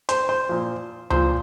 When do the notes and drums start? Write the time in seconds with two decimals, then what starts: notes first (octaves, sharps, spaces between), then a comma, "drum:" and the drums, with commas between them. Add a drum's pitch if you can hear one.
0.09 C5, drum: hi-hat
0.29 C5
0.49 A#2 F3
1.10 A#2 F3 C5, drum: tom C#2